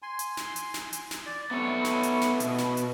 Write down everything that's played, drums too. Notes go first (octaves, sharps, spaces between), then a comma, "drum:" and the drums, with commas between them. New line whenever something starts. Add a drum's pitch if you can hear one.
G#5 C6
drum: hi-hat
drum: snare
drum: hi-hat
drum: snare
drum: hi-hat
drum: snare
D5
A3 B3 C#5
drum: snare
drum: hi-hat
drum: snare
B2, drum: hi-hat
drum: snare
drum: hi-hat